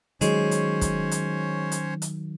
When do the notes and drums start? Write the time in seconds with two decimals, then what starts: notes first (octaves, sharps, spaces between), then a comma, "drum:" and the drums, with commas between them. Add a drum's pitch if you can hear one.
0.21 D#3 F#3 G#3 C#4 C5 C#5, drum: hi-hat
0.51 drum: hi-hat
0.81 drum: kick, hi-hat
1.11 drum: hi-hat
1.72 drum: hi-hat
2.02 drum: hi-hat